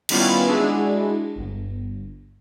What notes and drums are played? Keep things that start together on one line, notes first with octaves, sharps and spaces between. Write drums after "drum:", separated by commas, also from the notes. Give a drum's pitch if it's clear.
D#3 G3 B3 C#4 E4 F4, drum: cymbal
G#3 D4 E4 F#4 G#4
G1